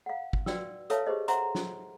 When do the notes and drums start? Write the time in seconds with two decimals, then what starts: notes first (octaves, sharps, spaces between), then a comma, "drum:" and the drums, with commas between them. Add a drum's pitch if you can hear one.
0.06 F5 F#5
0.33 drum: kick
0.46 F#4 B4 D5 G5 E6, drum: snare
0.90 A4 B4 C#5 E5 F5 A5, drum: hi-hat
1.07 G4 G#4 B4 C5 D#5
1.28 C5 E5 F#5 A#5 C6, drum: hi-hat
1.55 drum: snare